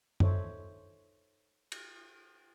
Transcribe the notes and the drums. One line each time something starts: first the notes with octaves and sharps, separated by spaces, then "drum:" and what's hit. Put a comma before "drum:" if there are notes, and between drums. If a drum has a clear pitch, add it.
D#4 A4 C5 C#5 E5, drum: tom F#2
drum: cymbal